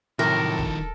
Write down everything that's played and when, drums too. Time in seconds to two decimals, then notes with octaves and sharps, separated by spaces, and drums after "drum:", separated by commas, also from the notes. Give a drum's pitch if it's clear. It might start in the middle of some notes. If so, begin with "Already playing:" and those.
0.19 A2 C3 D#3 F3 F#3 A4 A#4
0.59 drum: kick